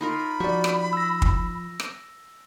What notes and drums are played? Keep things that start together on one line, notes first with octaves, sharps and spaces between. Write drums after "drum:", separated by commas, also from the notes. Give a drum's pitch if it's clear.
D#4 F4 A#4 B5
F3 F#4 G4 D5 C#6
drum: rim click
E6 A#6
drum: kick
drum: rim click